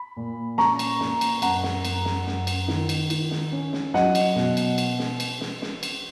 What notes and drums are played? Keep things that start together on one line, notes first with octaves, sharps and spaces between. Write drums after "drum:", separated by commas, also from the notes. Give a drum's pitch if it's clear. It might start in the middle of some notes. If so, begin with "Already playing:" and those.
Already playing: B5
A#2
C#4 A#5 C#6, drum: snare
drum: cymbal
A#2, drum: snare
drum: cymbal
F#2 F#5 A#5, drum: cymbal
drum: snare
F#2, drum: cymbal
drum: snare
F#2, drum: snare
drum: cymbal
D#3, drum: snare
drum: cymbal
D#3, drum: cymbal
drum: snare
C#4
drum: snare
F#3 D#5 F#5, drum: snare
drum: cymbal
B2, drum: snare
drum: cymbal
drum: cymbal
drum: snare
drum: cymbal
drum: snare
drum: snare
drum: cymbal